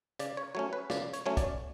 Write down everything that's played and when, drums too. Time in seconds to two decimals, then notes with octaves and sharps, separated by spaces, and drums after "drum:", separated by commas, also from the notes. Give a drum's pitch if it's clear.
0.19 C#3 D5, drum: hi-hat
0.37 C#5
0.55 F#3 A3 C#4 C#5
0.73 B4
0.90 C#3 D5, drum: snare
1.13 C#5, drum: hi-hat
1.26 F#3 A3 C#4 C#5
1.37 D5, drum: kick, hi-hat